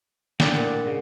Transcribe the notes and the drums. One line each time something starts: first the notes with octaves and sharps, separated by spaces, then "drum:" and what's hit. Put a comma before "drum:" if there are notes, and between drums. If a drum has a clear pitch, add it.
A2 D4 G4 D5, drum: snare
A#2 F#5
G#2 C#3